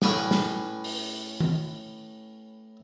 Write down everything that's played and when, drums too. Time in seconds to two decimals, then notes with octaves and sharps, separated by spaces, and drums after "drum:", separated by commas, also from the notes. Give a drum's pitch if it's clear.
0.02 A2 C#4 B4 G#5 D6, drum: snare
0.31 drum: snare
0.84 drum: open hi-hat
1.40 drum: tom D#3